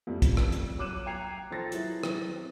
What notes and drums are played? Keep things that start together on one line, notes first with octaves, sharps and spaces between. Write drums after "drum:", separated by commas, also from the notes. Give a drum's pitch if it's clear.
F2 A2 C#3 G3
drum: kick, hi-hat
drum: rim click
drum: hi-hat
F#3 C#5 D6 F#6 D#7 E7
G5 A#5 G#6 C7 F7
F3 A4 C5 A6 A#6
F#3 E4 G#4 B4, drum: hi-hat
drum: rim click
C4